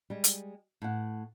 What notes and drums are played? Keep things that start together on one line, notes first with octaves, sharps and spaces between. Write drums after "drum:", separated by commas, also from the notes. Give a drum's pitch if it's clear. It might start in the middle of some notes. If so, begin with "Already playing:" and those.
G3 G#3
drum: hi-hat
A2 F#5